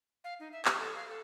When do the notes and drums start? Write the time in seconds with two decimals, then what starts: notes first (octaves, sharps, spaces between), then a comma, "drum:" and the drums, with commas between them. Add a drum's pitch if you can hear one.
0.24 F5
0.40 D#4
0.52 E5
0.65 G4, drum: clap
0.79 A4
0.96 F5
1.08 A4